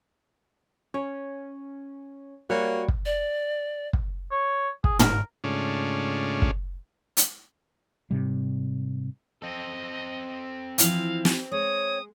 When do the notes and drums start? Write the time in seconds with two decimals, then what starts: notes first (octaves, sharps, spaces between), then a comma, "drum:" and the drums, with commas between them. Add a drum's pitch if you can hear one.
0.94 C#4 C#5
2.50 G3 A#3 F#4 C#5
2.88 drum: kick
3.06 D5
3.93 drum: kick
4.31 C#5
4.84 G#4, drum: kick
4.99 A#4, drum: tom
5.44 G#2 C#3 A3 C#4 D4 F4
6.42 drum: kick
7.17 drum: hi-hat
8.11 G#2 C3 G3
9.42 C4 A4 D#5
10.78 E3 F3 E4 F5, drum: hi-hat
11.25 drum: snare
11.52 G#3 C#5 D#6